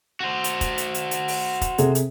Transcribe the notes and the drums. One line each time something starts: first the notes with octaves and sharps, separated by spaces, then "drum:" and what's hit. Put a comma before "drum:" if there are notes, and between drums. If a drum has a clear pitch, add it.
F#4 C5
drum: hi-hat
drum: kick F1, hi-hat
drum: hi-hat
drum: hi-hat
drum: hi-hat
drum: open hi-hat
drum: kick F1, hi-hat
C3 G#4 A4, drum: hi-hat
drum: hi-hat